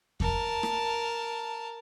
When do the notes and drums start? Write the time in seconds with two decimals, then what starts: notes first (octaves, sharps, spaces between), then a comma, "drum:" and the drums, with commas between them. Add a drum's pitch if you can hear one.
0.20 A#4 A5, drum: kick E2
0.63 drum: rim click